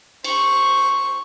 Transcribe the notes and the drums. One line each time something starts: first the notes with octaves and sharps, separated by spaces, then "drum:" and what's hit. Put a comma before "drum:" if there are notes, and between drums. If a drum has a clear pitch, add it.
C5 C#6, drum: cymbal